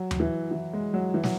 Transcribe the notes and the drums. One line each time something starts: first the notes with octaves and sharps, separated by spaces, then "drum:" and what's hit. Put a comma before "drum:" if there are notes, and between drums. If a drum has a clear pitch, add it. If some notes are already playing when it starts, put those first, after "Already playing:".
Already playing: F#3
drum: tom D#2
E3
E3
G#3
F#3
E3
F#3, drum: snare